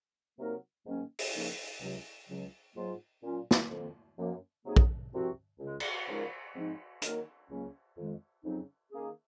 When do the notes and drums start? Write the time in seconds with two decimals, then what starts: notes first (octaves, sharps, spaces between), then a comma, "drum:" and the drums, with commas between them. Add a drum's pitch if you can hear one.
0.38 C3 F#3 A#3 D#4 A#4
0.85 G#2 D#3 F#3 A#3 C#4
1.19 drum: open hi-hat
1.33 C#3 F3 A#3 D#4 A#4
1.80 C#2 C3 F#3
2.28 C#2 C#3 F#3
2.75 G#2 F#3 A#3 F4
3.23 A#2 F#3 C#4 F4
3.51 drum: snare
3.70 F2 D#3 A#3
4.18 F#2 F3 A#3
4.65 C3 F#3 A#3 D#4 G#4
4.76 drum: kick
5.12 C2 C3 F3 C4 F#4
5.59 C#2 C#3 G#3
5.80 drum: cymbal
6.07 C#3 F3 G#3 D#4 A#4
6.55 G#2 F3 C4 D#4
7.02 D#3 F#3 A#3 D#4 A#4, drum: hi-hat
7.49 C#2 C#3 F#3 A#3 C#4
7.96 F2 D#3 G#3
8.44 F2 C#3 F#3 C4 D#4
8.92 D#3 A#3 C#4 G#4